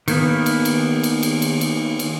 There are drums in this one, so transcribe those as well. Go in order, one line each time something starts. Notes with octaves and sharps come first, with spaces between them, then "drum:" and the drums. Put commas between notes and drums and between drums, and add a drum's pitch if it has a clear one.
D#3 A#3 B3, drum: cymbal
drum: cymbal
drum: cymbal
drum: cymbal
drum: cymbal
drum: cymbal
drum: cymbal
drum: cymbal